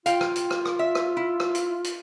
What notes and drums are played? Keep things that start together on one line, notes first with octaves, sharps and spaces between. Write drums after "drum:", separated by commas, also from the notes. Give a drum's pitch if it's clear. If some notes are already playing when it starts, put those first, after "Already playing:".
F4 F5 G5, drum: hi-hat
drum: rim click
drum: hi-hat
drum: rim click
drum: rim click
E5
drum: rim click
E4
drum: rim click
drum: hi-hat
drum: hi-hat